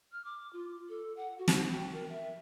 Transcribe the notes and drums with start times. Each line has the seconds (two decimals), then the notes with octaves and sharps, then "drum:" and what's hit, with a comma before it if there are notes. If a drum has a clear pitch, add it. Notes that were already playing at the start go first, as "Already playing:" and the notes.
0.12 F6
0.25 D6
0.53 F4
0.89 A4
1.17 F#5
1.38 F#4
1.48 drum: snare
1.72 G5
1.93 A#4
2.09 E5